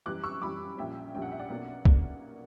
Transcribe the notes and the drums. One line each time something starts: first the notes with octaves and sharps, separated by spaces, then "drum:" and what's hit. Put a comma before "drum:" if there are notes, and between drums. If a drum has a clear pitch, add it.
F#2 E3 G3 D6 F#6
C#6 E6
F#2 E3 G3 B5 D6
A#1 A#2 G3 C#4 E5 G5
A#1 A#2 G3 C#4 G5
F#5
E5
D5 F#5
B1 B2 A#3 C#4
A#3 C#4, drum: kick